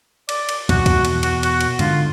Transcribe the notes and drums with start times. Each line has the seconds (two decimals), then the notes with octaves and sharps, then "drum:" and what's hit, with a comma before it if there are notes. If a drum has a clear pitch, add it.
0.29 D5, drum: cymbal
0.49 drum: cymbal
0.69 E2 B2 F#4, drum: kick, cymbal
0.86 drum: kick, cymbal
1.05 drum: cymbal
1.23 F#4, drum: cymbal
1.43 F#4, drum: cymbal
1.61 drum: cymbal
1.79 G#2 D3 F4, drum: cymbal